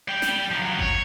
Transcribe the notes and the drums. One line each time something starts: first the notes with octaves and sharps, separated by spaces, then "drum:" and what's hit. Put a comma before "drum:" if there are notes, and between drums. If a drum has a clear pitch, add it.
G3 G5
drum: snare
F3 F#3
C#5, drum: kick G#1